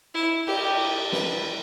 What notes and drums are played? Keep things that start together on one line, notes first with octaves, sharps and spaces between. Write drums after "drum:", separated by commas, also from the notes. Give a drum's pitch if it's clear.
E4
G4, drum: cymbal
B4, drum: snare